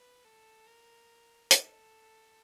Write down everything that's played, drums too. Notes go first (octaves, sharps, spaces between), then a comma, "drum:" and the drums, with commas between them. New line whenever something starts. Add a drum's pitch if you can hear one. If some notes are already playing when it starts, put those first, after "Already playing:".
Already playing: B4
A4
A#4
A4, drum: hi-hat